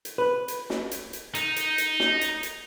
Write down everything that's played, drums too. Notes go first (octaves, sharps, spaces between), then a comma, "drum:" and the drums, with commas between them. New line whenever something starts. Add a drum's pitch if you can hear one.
drum: hi-hat
B4
drum: hi-hat
drum: snare
drum: hi-hat
drum: hi-hat
D#4, drum: hi-hat
drum: hi-hat
drum: hi-hat
drum: snare
drum: hi-hat
drum: hi-hat